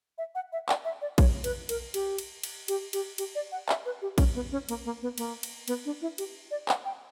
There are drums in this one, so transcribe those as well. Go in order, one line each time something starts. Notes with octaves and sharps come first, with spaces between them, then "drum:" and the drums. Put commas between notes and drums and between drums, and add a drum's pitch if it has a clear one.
E5
F#5
E5
D5, drum: clap
E5
D5
C#5, drum: kick A#1, cymbal
B4, drum: cymbal
A#4, drum: cymbal
G4, drum: cymbal
drum: cymbal
drum: cymbal
G4, drum: cymbal
G4, drum: cymbal
G4, drum: cymbal
D5
F#5
E5, drum: clap
B4
G4
C#4, drum: kick A#1, cymbal
B3
C#4
A#3, drum: cymbal
A#3
B3
A#3, drum: cymbal
drum: cymbal
B3, drum: cymbal
D4
E4
G4, drum: cymbal
D5
F#5, drum: clap
G5